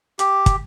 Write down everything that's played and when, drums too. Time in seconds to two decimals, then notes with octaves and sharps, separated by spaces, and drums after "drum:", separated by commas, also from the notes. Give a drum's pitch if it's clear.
0.19 G4, drum: hi-hat
0.46 drum: kick, hi-hat